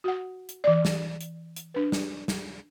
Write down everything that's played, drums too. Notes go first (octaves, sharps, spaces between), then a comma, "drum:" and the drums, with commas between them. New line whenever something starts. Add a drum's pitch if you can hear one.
F#4 F#5
drum: hi-hat
E3 D5
drum: snare
drum: hi-hat
drum: hi-hat
D4 B4
drum: snare
drum: snare